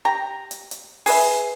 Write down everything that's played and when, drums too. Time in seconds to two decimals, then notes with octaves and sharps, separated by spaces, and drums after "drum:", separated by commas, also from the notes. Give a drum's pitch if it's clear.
0.05 G4 A#5
0.51 drum: hi-hat
0.71 drum: hi-hat
1.06 G#4 B4 E5, drum: open hi-hat